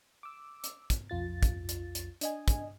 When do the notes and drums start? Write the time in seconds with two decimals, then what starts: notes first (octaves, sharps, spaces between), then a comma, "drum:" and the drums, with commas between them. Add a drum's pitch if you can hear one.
0.23 D6 E6
0.64 drum: hi-hat
0.90 drum: kick, hi-hat
1.10 B1 F2 F4 A6
1.43 drum: kick, hi-hat
1.69 drum: hi-hat
1.95 drum: hi-hat
2.21 D4 D#5 G#5, drum: hi-hat
2.48 drum: kick, hi-hat